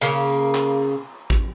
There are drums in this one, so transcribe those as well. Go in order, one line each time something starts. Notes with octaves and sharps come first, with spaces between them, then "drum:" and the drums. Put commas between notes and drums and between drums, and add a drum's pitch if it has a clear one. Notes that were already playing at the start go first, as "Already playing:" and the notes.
C#3 A#3, drum: hi-hat
drum: clap
drum: kick A1